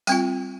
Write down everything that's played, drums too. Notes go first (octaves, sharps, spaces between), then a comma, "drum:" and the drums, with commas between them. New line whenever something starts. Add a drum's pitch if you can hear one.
G3 C4 F4 G5, drum: tambourine